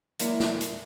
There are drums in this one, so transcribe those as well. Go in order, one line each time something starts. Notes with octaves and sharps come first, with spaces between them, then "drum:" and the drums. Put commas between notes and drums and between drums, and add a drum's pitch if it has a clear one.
E3 F#3 G#3 A#3 D4 E4, drum: hi-hat
drum: snare
drum: hi-hat